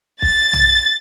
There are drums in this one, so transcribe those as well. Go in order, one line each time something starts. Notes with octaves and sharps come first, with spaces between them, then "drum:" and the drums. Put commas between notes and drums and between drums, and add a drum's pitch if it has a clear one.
A6, drum: kick
drum: tom